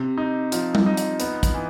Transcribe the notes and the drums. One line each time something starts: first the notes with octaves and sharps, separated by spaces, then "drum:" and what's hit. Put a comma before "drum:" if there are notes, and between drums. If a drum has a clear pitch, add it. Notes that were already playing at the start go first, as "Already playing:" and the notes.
Already playing: C3
D#4
F3, drum: hi-hat
drum: tom G3
D#4
drum: hi-hat
B3, drum: hi-hat
drum: kick, hi-hat
E3